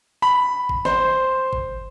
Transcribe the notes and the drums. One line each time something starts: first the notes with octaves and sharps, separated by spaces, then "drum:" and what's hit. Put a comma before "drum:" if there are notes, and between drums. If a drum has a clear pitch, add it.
B5
drum: kick G#1
C5, drum: snare
drum: kick G#1